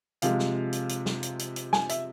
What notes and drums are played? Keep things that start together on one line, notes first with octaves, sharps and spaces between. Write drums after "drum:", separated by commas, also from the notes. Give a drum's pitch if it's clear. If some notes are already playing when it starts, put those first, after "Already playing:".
C3 F3 G#3 F5, drum: hi-hat
drum: snare
drum: hi-hat
drum: hi-hat
drum: snare
drum: hi-hat
drum: hi-hat
drum: hi-hat
G#5, drum: snare
E5, drum: hi-hat